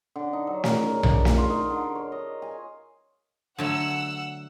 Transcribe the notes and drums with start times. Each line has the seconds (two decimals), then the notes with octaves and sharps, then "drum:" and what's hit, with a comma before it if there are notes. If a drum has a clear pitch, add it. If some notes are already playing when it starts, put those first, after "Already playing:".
0.16 D3
0.33 D#4
0.47 F#3
0.64 A#4, drum: snare
0.80 C#3
1.03 D4, drum: tom B1
1.25 drum: snare
1.37 F4
1.50 D#4
1.70 D3
1.95 C#5
2.12 D#5
2.42 G#5
3.59 D3 F#3 A3 F#5 E6